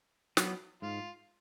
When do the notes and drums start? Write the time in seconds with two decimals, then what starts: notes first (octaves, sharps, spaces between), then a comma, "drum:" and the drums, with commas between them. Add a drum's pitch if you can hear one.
0.37 F#3 B3, drum: snare
0.82 G#2 F4